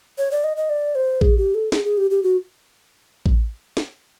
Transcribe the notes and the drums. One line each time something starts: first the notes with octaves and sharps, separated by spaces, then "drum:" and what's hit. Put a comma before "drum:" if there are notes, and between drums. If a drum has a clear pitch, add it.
C#5
D5
D#5
D#5
D5
C5
G#4, drum: kick A1
G4
A4
G#4, drum: snare
G#4
G4
G4
F#4
drum: kick A1
drum: snare